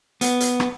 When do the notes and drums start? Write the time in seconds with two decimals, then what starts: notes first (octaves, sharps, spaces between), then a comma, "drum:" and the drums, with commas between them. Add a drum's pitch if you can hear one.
0.21 B3, drum: hi-hat
0.40 drum: hi-hat
0.60 drum: rim click